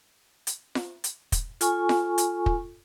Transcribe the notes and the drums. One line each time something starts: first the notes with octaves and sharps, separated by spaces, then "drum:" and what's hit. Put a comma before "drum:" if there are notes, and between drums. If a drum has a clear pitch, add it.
drum: hi-hat
drum: snare F4
drum: hi-hat
drum: kick, hi-hat
F4 A4 G#5 C#6, drum: hi-hat
drum: snare F4
drum: hi-hat
drum: kick